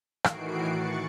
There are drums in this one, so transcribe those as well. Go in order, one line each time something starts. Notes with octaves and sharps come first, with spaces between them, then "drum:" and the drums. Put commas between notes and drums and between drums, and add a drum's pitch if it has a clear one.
A2 D#3 E3 F#4 C7 D7, drum: rim click
C#6 F#6 A6 C#7